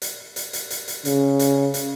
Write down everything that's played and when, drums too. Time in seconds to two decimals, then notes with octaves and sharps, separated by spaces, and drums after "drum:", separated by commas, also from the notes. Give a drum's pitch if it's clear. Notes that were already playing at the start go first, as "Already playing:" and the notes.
0.02 drum: hi-hat
0.36 drum: hi-hat
0.53 drum: hi-hat
0.70 drum: hi-hat
0.88 drum: hi-hat
1.05 C#3, drum: hi-hat
1.39 drum: hi-hat
1.74 drum: hi-hat